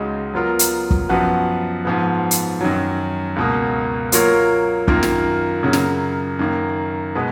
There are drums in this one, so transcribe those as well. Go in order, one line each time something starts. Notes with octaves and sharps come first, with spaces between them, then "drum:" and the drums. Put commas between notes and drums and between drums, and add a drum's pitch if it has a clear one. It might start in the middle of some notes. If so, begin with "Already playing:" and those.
Already playing: C#2 C#3 G#3 D#4 F#4
F#3 B3 F4 A#4
drum: hi-hat
drum: kick
F#2 F3 B3 F#4 B4
G#2 F3 B3
drum: hi-hat
F#2 D#3 F#3
C#2 B2 A#3
F#3 A#3 F4 A#4 C#5, drum: hi-hat
F#2 D#3 A#3 F4 A#4, drum: kick
drum: snare
F#2 C#3 F#3 A#3
drum: snare
F#2 D#3 A#3
B2 G#3 B3